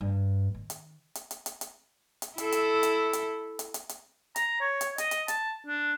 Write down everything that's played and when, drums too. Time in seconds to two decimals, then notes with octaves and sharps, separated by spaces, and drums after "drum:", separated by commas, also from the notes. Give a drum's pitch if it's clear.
0.01 G2
0.55 D#3
0.70 drum: hi-hat
1.15 drum: hi-hat
1.31 drum: hi-hat
1.46 drum: hi-hat
1.61 drum: hi-hat
2.22 drum: hi-hat
2.38 E4 A4, drum: hi-hat
2.52 drum: hi-hat
2.83 drum: hi-hat
3.13 drum: hi-hat
3.59 drum: hi-hat
3.74 drum: hi-hat
3.89 drum: hi-hat
4.36 A#5, drum: hi-hat
4.61 C#5
4.81 drum: hi-hat
4.98 D#5, drum: hi-hat
5.11 drum: hi-hat
5.28 A5, drum: hi-hat
5.67 D4